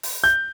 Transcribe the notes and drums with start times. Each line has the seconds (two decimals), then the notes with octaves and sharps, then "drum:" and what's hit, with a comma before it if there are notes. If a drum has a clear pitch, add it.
0.03 drum: open hi-hat
0.24 G6